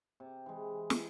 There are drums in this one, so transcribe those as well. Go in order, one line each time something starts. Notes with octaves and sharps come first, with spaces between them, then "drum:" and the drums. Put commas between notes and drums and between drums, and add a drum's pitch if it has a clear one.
C3
E3 G#3
drum: snare